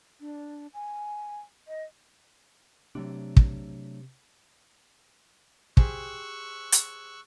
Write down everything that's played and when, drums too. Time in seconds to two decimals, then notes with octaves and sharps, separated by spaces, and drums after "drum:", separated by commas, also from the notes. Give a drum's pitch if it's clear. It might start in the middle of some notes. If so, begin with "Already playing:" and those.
0.21 D4
0.74 G#5
1.68 D#5
2.95 C3 F#3 A3 D4
3.37 drum: kick
5.77 G4 G#4 C5 C#6 E6 F#6, drum: kick
6.72 drum: hi-hat